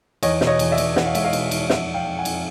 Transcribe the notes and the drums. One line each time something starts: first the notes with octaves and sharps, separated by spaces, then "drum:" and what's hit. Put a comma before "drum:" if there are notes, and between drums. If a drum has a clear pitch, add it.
E2 C#5 D#5, drum: cymbal
B2, drum: snare
C#5 D#5
E2, drum: cymbal
D5 E5
E2, drum: cymbal
E2 F#5, drum: snare
F5
G#3 E5, drum: cymbal
D#5 F5
B2, drum: cymbal
E2, drum: cymbal
F2 E5 F#5, drum: snare
F2
F5 G5
F2
F#5 G#5
F2, drum: cymbal